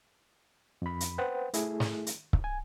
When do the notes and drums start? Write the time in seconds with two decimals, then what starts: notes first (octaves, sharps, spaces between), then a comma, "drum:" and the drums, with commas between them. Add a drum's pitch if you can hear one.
0.82 F2 B5
1.00 drum: hi-hat
1.18 B4 C5 F#5 G5
1.54 A3 E4 G#4 A4, drum: hi-hat
1.80 drum: snare
2.07 drum: hi-hat
2.33 drum: kick C#1
2.44 G#5